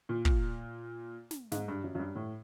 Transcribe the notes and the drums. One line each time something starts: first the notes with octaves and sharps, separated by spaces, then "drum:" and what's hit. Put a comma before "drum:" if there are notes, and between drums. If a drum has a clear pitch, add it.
A#2
A#2, drum: kick
drum: snare
G#2, drum: snare
G2
F#2
F#2
G2
A2